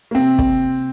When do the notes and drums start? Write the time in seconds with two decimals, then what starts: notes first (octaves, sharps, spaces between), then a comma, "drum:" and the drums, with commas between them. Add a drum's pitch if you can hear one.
0.11 A#3
0.15 C3 C4
0.39 drum: kick